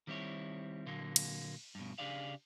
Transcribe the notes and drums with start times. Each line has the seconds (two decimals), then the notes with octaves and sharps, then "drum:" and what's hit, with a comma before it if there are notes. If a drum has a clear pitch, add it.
0.07 D#3 G3 C4 E4 C#5
0.87 A#2 D3 F#3 A#3
1.16 drum: cymbal
1.75 G2 B2
1.98 C#3 D4 G4 G#4 D5 F5